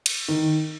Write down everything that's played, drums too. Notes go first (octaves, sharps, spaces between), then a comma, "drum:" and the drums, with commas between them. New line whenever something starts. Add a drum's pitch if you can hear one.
drum: cymbal
D#3